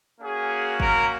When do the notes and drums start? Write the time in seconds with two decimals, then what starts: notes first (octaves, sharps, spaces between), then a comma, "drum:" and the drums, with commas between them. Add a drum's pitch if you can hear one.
0.20 A#3 C#4 F#4 G#4
0.80 A#4, drum: kick